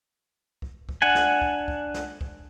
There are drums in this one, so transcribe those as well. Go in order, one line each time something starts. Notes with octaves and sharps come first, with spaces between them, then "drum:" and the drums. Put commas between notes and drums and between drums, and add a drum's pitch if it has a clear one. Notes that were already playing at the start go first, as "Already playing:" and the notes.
drum: kick C2
drum: kick C2
D4 F#5 G#5
drum: snare
drum: kick C2
drum: kick C2
drum: snare
drum: kick C2